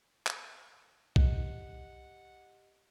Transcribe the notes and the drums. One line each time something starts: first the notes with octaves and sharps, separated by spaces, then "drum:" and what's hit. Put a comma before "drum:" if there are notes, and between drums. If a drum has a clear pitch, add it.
drum: clap
G4 D#5 F#5 F#6, drum: kick